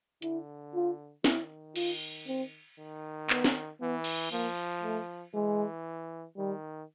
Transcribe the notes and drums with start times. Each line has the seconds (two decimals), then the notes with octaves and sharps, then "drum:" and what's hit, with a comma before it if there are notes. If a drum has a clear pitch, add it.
0.22 D3 E4, drum: hi-hat
0.74 F4
1.24 D#3 E4, drum: snare
1.76 F4, drum: cymbal
2.27 C4
2.79 D#3
3.30 B3, drum: clap
3.44 drum: snare
3.80 E3 B3
4.04 drum: cymbal
4.32 F3 A#3
4.83 A3
5.34 E3 G#3
6.37 D#3 G3